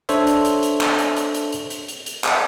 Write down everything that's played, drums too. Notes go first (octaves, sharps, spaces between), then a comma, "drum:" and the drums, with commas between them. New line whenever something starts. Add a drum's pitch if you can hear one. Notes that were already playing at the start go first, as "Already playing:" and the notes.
D4 A4 C5 C#5 E5, drum: hi-hat
drum: hi-hat
drum: hi-hat
drum: hi-hat
drum: clap
drum: hi-hat
drum: hi-hat
drum: hi-hat
drum: hi-hat
drum: hi-hat
drum: hi-hat
drum: hi-hat
drum: clap